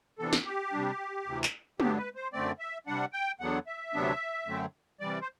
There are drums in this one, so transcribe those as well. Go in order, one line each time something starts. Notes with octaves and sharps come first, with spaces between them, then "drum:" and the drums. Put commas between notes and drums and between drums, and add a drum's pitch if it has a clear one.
C3 E3 B3 D4 A4
drum: snare
G4
C3 G3 D4
D2 C3 E3
drum: clap
G2 D3 F#3 B3 D4 G4, drum: tom
B4
C5
F#2 D3 A3 C4 D5
E5
C3 G3 D4 F#5
G5
E2 D3 F#3 B3 D4 F#5
E5
D2 C3 F#3 B3 D4
F#2 D3 F#3 A3 C4
C3 E3 G3 D5
C5